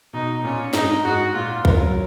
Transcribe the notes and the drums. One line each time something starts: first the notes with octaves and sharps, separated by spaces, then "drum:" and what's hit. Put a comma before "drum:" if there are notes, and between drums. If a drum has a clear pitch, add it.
B2 D#4
A#2 C#4
G#2 D#4, drum: snare
G#2 F#4
A#2 F4
A#4, drum: kick
F#3